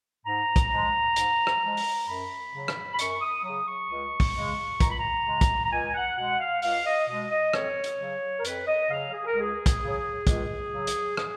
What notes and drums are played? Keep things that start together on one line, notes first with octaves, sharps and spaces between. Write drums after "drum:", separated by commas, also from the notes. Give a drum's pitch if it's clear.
G#2 A#5
drum: kick, hi-hat
F3 G#3
G#2, drum: hi-hat
drum: rim click
F3 G#3
drum: open hi-hat
F#2 B5
C#3 F#3
drum: rim click
B5
F#2 C#6, drum: hi-hat
D#6
C#3 F#3 D#6
C#6
C#2
drum: kick, open hi-hat
C#3 G#3
C#2 A#5, drum: kick, hi-hat
B5
A#5
C#3 G#3
drum: kick, hi-hat
A#5
C#2 G#5
F#5
B2 G#3 F#5
F5
C#2 F5, drum: open hi-hat
D#5
B2 G#3 D#5
D#5
F2 C#5, drum: rim click
drum: hi-hat
C#3 F#3
A#4
F2 B4, drum: hi-hat
D#5
C#3 F#3 F5
G#4
A#4
C#2 G#4
drum: kick, hi-hat
C#3 F#3
C#2, drum: kick, hi-hat
C#3 F#3
drum: hi-hat
G#4, drum: rim click